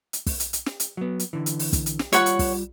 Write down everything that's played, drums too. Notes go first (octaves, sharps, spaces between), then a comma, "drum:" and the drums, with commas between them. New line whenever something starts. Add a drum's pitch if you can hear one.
drum: hi-hat
drum: kick, open hi-hat
drum: hi-hat
drum: hi-hat
drum: snare
drum: hi-hat
F#3 B3
drum: hi-hat
D3 E3
drum: hi-hat
drum: open hi-hat
drum: kick, hi-hat
drum: hi-hat
drum: snare
G3 F4 C#5 F#5 B5 C#6, drum: hi-hat
drum: hi-hat
drum: kick, open hi-hat